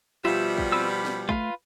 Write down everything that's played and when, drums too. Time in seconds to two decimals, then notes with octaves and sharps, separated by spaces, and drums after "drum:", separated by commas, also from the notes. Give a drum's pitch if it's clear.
0.25 B2 F3 G3 F4 E5
0.58 drum: kick
0.72 C4 B4 E6
0.91 B5
1.05 drum: snare
1.29 A3 F4 B4 F5, drum: kick